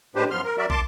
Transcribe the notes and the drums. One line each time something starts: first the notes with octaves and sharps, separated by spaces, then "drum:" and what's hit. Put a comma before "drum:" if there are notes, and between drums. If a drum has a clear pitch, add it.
A2 G#3 D4 G4 B4 C5
F#2 F3 B3 C6 F6
A#4
F#3 F#4 A#4 D5 E5
A5 C6 D6, drum: kick